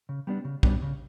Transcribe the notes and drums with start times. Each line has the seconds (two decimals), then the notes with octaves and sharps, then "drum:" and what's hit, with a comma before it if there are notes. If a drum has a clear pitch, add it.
0.09 C#3
0.27 G3 B3 D4
0.45 C#3
0.63 G3 B3 D4, drum: kick
0.82 C#3